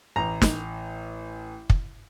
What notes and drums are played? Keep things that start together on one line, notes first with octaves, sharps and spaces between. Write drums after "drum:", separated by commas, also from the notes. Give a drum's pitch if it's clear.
A1 A#5
drum: snare
drum: kick